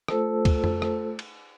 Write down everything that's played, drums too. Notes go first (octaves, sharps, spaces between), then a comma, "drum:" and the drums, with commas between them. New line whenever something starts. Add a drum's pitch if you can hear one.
A3 F4 A4 C5 A5 E6, drum: rim click
drum: kick C#2, cymbal
drum: tom F2
drum: rim click
drum: cymbal